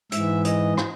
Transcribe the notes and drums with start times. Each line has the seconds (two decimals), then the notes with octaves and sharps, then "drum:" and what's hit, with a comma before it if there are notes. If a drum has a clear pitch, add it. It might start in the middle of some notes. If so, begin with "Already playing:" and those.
0.12 G#2 E3 E5, drum: hi-hat
0.45 D#5, drum: hi-hat
0.77 drum: rim click